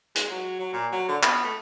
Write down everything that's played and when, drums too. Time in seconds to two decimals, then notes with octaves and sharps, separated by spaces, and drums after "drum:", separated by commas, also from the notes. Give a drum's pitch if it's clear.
0.15 G#3, drum: hi-hat
0.31 F#3
0.59 F#3
0.73 A#2
0.93 F#3
1.09 D3
1.23 B3, drum: clap
1.45 A3